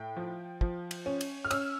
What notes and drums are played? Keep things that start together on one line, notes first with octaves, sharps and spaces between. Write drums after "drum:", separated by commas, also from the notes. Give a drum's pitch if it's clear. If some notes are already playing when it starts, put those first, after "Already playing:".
Already playing: A2 G5
F3
F3, drum: kick
drum: cymbal
C#4
drum: cymbal
F6
C#4 E6, drum: cymbal